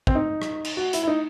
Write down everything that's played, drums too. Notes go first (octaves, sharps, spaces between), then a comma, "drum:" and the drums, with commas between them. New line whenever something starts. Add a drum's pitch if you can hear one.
C4, drum: kick
D#4
drum: rim click
drum: cymbal
F#4
E4, drum: hi-hat
E4
D#4